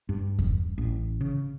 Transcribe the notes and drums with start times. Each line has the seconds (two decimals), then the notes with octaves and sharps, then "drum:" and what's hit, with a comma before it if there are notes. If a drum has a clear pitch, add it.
0.09 G2
0.39 drum: kick E2
0.78 A1
1.21 C#3